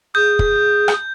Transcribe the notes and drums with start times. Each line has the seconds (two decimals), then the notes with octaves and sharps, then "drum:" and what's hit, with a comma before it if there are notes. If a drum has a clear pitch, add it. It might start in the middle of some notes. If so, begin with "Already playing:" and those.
0.15 G#4 G6
0.39 drum: kick
0.88 drum: rim click